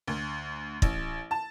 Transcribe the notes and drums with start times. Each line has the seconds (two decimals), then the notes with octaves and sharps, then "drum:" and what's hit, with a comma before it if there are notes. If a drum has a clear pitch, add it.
0.07 D2
0.82 A1, drum: kick
1.31 A5